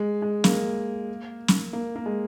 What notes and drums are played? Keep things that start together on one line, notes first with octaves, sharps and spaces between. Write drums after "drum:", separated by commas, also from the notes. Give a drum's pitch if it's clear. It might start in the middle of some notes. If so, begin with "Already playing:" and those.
Already playing: G#3
G#3
A#3, drum: snare
drum: snare
A#3
A#3
G#3